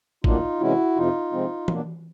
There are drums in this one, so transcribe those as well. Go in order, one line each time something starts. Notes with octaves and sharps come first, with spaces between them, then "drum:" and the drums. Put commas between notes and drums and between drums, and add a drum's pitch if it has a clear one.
A2 F#3 A#3 D4 D#4 F4, drum: kick
C3 E3 G#3 C#4 E4 F#4
F2 C3 F3 D#4 F4
C3 F3 G#3 C4
B2 F#3 A#3 D4, drum: tom E3